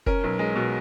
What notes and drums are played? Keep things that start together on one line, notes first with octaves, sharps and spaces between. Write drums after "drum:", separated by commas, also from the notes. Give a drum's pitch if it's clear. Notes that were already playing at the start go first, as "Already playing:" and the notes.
C#4 A#4, drum: kick F1
B1
G#3
B2